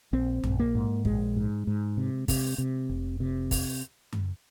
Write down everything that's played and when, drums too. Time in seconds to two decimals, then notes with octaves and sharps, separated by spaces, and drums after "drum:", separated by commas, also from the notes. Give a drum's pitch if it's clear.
0.13 A#1 C4
0.44 A#1, drum: tom F#2
0.60 A#3
0.75 G#2
1.05 A#1 G#3, drum: kick
1.36 G#2
1.67 G#2
1.97 C3
2.28 C3, drum: kick, open hi-hat
2.58 C3
2.89 F1
3.20 C3
3.51 drum: kick, open hi-hat
4.13 drum: tom F#2